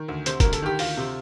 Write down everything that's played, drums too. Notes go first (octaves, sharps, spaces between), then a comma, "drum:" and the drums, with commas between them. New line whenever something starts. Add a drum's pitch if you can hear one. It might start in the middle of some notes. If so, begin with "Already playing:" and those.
Already playing: D#3
D2
C3 C5, drum: hi-hat
D2 A#4, drum: kick, hi-hat
A4, drum: hi-hat
D#3 G4
D2 F4, drum: open hi-hat
C3